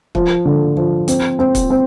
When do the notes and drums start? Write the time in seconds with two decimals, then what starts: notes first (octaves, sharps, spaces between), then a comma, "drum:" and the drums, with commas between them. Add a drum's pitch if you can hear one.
0.15 F3, drum: kick
0.45 D3
0.77 F3
1.08 C4, drum: hi-hat
1.39 C4
1.55 drum: kick, hi-hat
1.70 C4